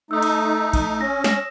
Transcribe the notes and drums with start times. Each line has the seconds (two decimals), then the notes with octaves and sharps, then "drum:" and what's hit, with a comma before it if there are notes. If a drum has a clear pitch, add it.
0.11 A3 D#4 D#6 E6
0.22 drum: cymbal
0.73 drum: kick A#1, cymbal
1.01 C#4 A#6
1.24 A#6 E7, drum: snare